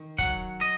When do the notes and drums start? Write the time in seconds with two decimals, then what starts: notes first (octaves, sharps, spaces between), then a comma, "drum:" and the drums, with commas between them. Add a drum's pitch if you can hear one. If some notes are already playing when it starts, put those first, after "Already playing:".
Already playing: D#3
0.18 F#3 F#5, drum: kick, hi-hat
0.61 D#5